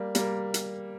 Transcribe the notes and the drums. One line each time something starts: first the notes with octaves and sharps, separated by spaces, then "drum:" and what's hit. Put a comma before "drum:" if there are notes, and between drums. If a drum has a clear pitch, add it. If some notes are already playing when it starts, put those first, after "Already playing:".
Already playing: G3 A#3
G3 A#3, drum: hi-hat
drum: hi-hat